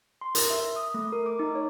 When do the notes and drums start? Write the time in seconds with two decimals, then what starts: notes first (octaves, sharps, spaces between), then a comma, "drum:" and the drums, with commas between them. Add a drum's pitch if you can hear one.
0.21 C6
0.35 A#4, drum: hi-hat
0.50 E5
0.76 D#6
0.94 A3
1.13 A#4
1.26 D6
1.39 D#4
1.55 C#5